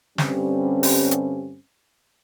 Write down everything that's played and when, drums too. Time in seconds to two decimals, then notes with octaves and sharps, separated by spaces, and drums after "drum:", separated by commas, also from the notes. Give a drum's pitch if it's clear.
0.18 G2 D3 G3 C4 C#4, drum: snare
0.83 drum: open hi-hat
1.11 drum: hi-hat